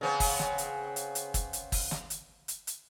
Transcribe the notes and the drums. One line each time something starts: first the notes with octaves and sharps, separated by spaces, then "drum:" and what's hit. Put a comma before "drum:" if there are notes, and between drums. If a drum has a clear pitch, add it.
C#3 B3 C4
drum: kick, open hi-hat
drum: snare
drum: hi-hat
drum: hi-hat
drum: hi-hat
drum: kick, hi-hat
drum: hi-hat
drum: kick, open hi-hat
drum: snare
drum: hi-hat
drum: hi-hat
drum: hi-hat